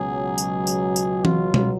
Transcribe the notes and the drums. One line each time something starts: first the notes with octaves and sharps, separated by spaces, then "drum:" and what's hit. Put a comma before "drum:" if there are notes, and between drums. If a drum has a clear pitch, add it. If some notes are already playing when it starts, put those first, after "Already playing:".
Already playing: C#2 B2 F#3 G#4
drum: tambourine
drum: tambourine
drum: tambourine
F4, drum: tom E3
drum: tom